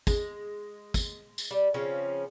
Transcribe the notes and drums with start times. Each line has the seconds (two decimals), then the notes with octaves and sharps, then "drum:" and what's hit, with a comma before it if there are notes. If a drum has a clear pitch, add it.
0.07 G#3, drum: kick, tambourine
0.94 drum: kick, tambourine
1.38 drum: tambourine
1.51 G3
1.74 C#3 F3 C4 C#4